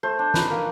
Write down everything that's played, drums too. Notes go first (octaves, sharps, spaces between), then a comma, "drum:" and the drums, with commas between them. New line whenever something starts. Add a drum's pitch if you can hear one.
A3 C5
D4
D#4 B4, drum: snare
A#3